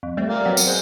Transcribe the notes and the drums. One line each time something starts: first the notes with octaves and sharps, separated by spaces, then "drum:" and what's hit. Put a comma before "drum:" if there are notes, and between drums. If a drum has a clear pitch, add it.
F2
G3 A3 C4
A#4 D5 F5
F#3 B3 C4
drum: tambourine
G#3 C5